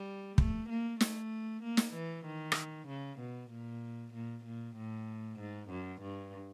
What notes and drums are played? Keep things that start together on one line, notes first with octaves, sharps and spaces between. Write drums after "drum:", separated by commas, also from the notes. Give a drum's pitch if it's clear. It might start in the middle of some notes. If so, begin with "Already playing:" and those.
Already playing: G3
A3, drum: kick
A#3
A3, drum: snare
A#3
drum: snare
E3
D#3
drum: rim click
C#3
B2
A#2
A#2
A#2
A2
G#2
F#2
G2